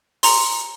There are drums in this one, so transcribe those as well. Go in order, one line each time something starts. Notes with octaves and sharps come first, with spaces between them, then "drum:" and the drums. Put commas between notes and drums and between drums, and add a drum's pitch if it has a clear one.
A#5 C6, drum: open hi-hat